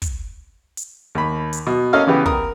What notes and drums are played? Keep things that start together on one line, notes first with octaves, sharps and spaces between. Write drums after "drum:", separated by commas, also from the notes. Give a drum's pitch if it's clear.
drum: kick, hi-hat
drum: hi-hat
D#2 B5
drum: hi-hat
B2
A#3 C#4 A4 D#5 F5 F6
C#3 E3 B3 G4
A#4 D#6, drum: kick